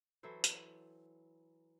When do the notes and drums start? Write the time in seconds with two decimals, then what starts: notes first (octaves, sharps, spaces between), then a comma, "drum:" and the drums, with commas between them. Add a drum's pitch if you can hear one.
0.23 E3 F#3 A4 C5
0.44 drum: hi-hat